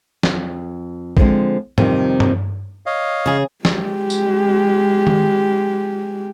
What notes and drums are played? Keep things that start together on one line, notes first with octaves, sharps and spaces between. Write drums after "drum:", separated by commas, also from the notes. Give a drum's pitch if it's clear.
F2, drum: snare
D3 F3 G3 G#3 C4, drum: kick
F2 C3 D#3 G3, drum: tom G#2
drum: tom G2
C#5 D#5 F5
C#3 G#4
G#3 G4, drum: snare
drum: tambourine
drum: tom D#3